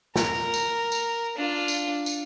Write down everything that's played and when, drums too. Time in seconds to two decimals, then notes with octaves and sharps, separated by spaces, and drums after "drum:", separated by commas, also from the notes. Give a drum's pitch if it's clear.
0.16 A#4, drum: snare
0.54 drum: tambourine
0.92 drum: tambourine
1.37 D4 F4
1.68 drum: tambourine
2.06 drum: tambourine